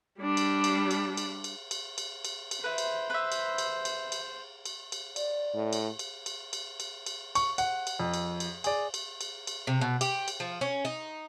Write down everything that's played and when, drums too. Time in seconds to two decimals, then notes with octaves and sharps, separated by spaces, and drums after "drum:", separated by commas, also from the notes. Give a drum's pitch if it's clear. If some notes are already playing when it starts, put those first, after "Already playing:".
0.20 G3 D4
0.37 drum: cymbal
0.64 drum: cymbal
0.91 drum: cymbal
1.17 drum: cymbal
1.44 drum: cymbal
1.71 drum: cymbal
1.98 drum: cymbal
2.25 drum: cymbal
2.51 drum: cymbal
2.64 E4 B4 C5
2.78 drum: cymbal
3.10 B4 E5
3.32 drum: cymbal
3.58 drum: cymbal
3.85 drum: cymbal
4.12 drum: cymbal
4.65 drum: cymbal
4.92 drum: cymbal
5.16 D5, drum: cymbal
5.55 A2
5.73 drum: cymbal
5.99 drum: cymbal
6.26 drum: cymbal
6.53 drum: cymbal
6.80 drum: cymbal
7.06 drum: cymbal
7.35 C#6, drum: cymbal
7.58 F#5, drum: cymbal
7.87 drum: cymbal
8.00 F2
8.14 drum: cymbal
8.40 drum: cymbal
8.64 G#4 D5, drum: cymbal
8.94 drum: cymbal
9.21 drum: cymbal
9.47 drum: cymbal
9.67 C3
9.81 B2
10.01 G4, drum: cymbal
10.28 drum: cymbal
10.40 F3
10.61 C#4
10.85 D#4